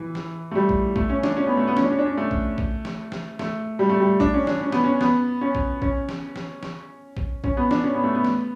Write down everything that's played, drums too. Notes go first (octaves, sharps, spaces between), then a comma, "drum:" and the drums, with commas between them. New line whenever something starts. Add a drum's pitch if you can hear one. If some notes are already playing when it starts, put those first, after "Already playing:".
Already playing: E3
drum: snare
A3
G3
drum: kick A#1
A3, drum: kick A#1
C#4
D4, drum: snare
C#4
B3
A3
B3
C#4, drum: snare
D4
C#4
D4
C#4
A3
drum: kick A#1
drum: kick A#1
drum: snare
drum: snare
A3, drum: snare
G3
A3
G3
D4, drum: kick A#1
C#4
D4, drum: snare
C#4
B3, drum: snare
C#4
B3, drum: snare
C#4
drum: kick A#1
C#4, drum: kick A#1
drum: snare
drum: snare
drum: snare
drum: kick A#1
C#4, drum: kick A#1
B3
D4, drum: snare
C#4
B3
A3
B3
drum: snare